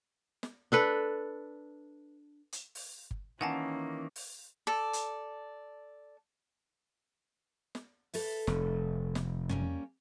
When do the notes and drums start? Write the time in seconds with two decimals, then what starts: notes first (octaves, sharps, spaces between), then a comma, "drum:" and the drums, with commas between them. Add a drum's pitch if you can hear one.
0.43 drum: snare
0.72 D4 A4 B4
2.53 drum: hi-hat
2.75 drum: open hi-hat
3.11 drum: kick G1
3.41 D#3 E3 A#3 C#4 F#5 G#5 A5
4.16 drum: open hi-hat
4.67 A4 D5
4.93 drum: hi-hat
7.75 drum: snare
8.14 A4 B4 E5, drum: open hi-hat
8.47 F1, drum: snare
9.15 drum: snare
9.49 G3 A#3 C#4, drum: tom